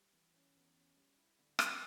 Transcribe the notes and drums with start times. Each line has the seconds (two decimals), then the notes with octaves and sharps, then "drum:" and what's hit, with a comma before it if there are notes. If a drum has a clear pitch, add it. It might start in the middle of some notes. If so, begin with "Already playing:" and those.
Already playing: G3
0.13 E3
0.34 C#4
0.55 E2
0.75 C#4
0.97 G3
1.18 E4
1.38 D3
1.59 C#4, drum: rim click